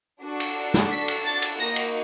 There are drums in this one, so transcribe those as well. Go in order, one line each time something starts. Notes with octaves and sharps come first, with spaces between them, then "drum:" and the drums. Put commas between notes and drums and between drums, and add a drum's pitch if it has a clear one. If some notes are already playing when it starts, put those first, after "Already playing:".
D4 F#4 A4
drum: cymbal
drum: snare
B6
drum: cymbal
A6
drum: cymbal
A#3 D#4 F#4 A#6
drum: cymbal